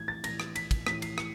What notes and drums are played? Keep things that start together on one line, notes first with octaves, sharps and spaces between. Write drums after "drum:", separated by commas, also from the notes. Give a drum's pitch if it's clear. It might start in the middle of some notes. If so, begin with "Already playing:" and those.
Already playing: A2 E3 G#6
A6
A2 E3 A#6, drum: cymbal
drum: rim click
B6, drum: cymbal
drum: kick, cymbal
A2 E3 B6, drum: rim click
C7, drum: cymbal
C#7, drum: rim click